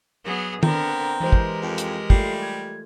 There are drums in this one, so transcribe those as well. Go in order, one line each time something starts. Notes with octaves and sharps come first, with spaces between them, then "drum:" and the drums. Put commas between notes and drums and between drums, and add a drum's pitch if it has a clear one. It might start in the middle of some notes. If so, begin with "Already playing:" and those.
F#3 B3 G#4
D3 B3 C4 A#4 A#5, drum: tom D#3
E3 G#3 G4 A#4 C5
drum: kick
F2
drum: hi-hat
G3 A3 F4 C7, drum: kick
G#6